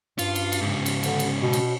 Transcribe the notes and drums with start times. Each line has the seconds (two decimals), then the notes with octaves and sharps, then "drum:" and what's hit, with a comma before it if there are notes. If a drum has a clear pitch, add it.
0.19 G2 F4, drum: cymbal
0.35 drum: cymbal
0.52 drum: cymbal
0.61 G#2 C#3
0.86 drum: cymbal
1.03 D3, drum: cymbal
1.19 drum: cymbal
1.42 B2
1.53 drum: cymbal